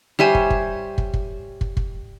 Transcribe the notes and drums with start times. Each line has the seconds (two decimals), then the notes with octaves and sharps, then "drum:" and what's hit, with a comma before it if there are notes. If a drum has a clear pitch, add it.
0.19 G3 G4 C5 C#5 E5 G#5
0.35 drum: kick
0.50 drum: kick
0.98 drum: kick
1.14 drum: kick
1.61 drum: kick
1.77 drum: kick